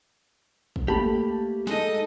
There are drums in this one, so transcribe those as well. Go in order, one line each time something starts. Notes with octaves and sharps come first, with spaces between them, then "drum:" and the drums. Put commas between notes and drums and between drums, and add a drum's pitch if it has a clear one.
drum: kick
A3 A#3 G4 A5 B5
G#3 D#4 A4 D#5, drum: snare